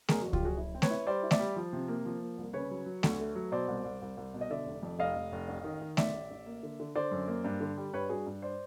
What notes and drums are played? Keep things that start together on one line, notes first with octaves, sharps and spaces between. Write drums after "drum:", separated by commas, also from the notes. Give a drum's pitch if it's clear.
F#1 G#4 A#4, drum: snare A3
F2 F#4
F4 G4, drum: kick C#2
F#1 F#4 G#4
E4
C4
B4 C#5, drum: snare A3
E4
G3 C5 D5
E4
D5 E5, drum: snare A3
G3
F3
C3
A#3
F3
A#3
C2
C#3 B4 C#5
F#3
F#3
D2, drum: snare A3
A3
F#3
B2 C5 D5
C2
C2
C2
C2
B2
D#5
D3 D5 E5
F1
F2
F1 D#5 F5
F1
F1
A1
D#3
D#3
A1 D5 E5, drum: snare A3
A1
A1
A#3
D3
D3
D3 C5 D5
F#2
A#3
G2
D3
G3
G2 B4 C#5
G2 F#4 G#4
G2
C5 D5